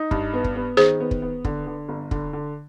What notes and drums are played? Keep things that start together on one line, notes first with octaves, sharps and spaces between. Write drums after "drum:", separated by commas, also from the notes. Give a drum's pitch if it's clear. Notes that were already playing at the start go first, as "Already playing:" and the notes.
Already playing: D#4
G2, drum: kick
B3
drum: kick
B3
D#3 G#4 C5
B3
drum: kick
B3
D3, drum: kick
D3
G1
D3, drum: kick
D3